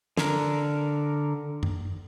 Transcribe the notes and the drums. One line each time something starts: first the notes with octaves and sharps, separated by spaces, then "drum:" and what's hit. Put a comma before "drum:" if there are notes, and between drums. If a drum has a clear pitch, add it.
D3 A#4, drum: snare
drum: tom F#2